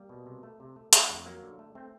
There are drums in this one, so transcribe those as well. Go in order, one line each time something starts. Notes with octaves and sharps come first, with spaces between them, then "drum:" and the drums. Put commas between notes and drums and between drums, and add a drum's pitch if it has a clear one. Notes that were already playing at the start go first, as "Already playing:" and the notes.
Already playing: G3 A#3
B2
C3
A3
C3
A3
D3 A3, drum: hi-hat
F2
F#3 A#3
D3
A3
A3 C4